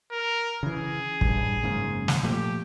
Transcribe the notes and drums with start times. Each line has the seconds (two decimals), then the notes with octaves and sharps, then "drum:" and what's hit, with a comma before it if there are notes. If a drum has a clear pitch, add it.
0.12 A#4
0.63 C#3 E3 G#4
1.21 A1 G2, drum: kick
1.63 F#1 G#2 C#3
2.08 drum: snare
2.23 A#2 F3 A3 G4